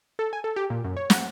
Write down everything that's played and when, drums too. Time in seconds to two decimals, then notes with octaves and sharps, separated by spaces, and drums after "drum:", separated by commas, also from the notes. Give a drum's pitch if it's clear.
0.19 A4
0.33 G#5
0.44 A4
0.56 G4
0.70 A#2
0.84 F#2
0.97 C#5
1.10 F#5, drum: snare